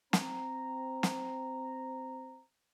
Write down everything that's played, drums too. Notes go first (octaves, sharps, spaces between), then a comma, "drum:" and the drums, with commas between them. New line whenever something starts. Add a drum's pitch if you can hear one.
C4 A#5, drum: snare
drum: snare